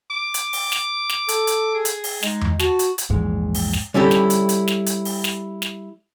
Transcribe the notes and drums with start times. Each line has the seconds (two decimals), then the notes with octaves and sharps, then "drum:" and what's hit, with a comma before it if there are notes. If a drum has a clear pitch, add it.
0.10 D6
0.34 drum: hi-hat
0.53 drum: open hi-hat
0.72 drum: snare
1.09 drum: snare
1.28 A4, drum: hi-hat
1.47 drum: hi-hat
1.74 G#4
1.85 drum: hi-hat
2.04 drum: open hi-hat
2.23 G#3 D#4, drum: snare
2.41 drum: tom E2
2.59 F#4 A5, drum: snare
2.79 drum: hi-hat
2.98 drum: hi-hat
3.10 A#1 E2 G#2 G#3
3.54 drum: open hi-hat
3.73 drum: snare
3.94 G3 C#4 E4 G4 A4
4.11 drum: snare
4.30 drum: hi-hat
4.49 drum: hi-hat
4.68 drum: snare
4.86 drum: hi-hat
5.05 drum: open hi-hat
5.24 drum: snare
5.62 drum: snare